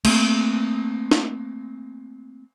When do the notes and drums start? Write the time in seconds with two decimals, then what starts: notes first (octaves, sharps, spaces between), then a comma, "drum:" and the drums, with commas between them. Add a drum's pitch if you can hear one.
0.05 A3 A#3 C4, drum: cymbal
1.11 drum: snare